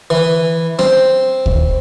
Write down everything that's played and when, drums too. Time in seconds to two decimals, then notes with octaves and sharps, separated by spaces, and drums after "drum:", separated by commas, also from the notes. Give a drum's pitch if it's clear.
0.10 E3
0.79 C4, drum: rim click
1.46 drum: kick D2